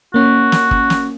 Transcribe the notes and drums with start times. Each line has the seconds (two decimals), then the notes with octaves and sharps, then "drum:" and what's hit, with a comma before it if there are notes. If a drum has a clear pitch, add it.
0.14 A#3 C#4 F#4
0.52 drum: snare
0.71 drum: kick
0.90 drum: snare